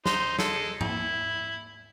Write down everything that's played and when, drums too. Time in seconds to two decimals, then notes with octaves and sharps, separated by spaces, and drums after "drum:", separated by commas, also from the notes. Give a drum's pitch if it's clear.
0.06 D#4 C5, drum: snare
0.39 G#3 A4, drum: snare
0.81 E4, drum: tom G#2